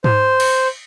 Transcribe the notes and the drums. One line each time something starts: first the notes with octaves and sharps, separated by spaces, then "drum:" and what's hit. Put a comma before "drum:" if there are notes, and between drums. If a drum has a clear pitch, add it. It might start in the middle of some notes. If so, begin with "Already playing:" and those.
C5, drum: tom G#2
drum: cymbal